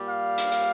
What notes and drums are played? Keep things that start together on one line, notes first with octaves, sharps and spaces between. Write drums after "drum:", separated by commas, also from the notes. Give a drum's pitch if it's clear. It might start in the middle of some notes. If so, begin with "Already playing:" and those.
Already playing: A#2 G3
F5
drum: hi-hat
drum: hi-hat